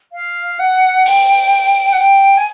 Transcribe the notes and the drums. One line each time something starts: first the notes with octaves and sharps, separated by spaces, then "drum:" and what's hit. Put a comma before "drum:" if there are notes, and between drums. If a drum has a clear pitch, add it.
F5
F#5
G5, drum: open hi-hat
F#5
G5
G#5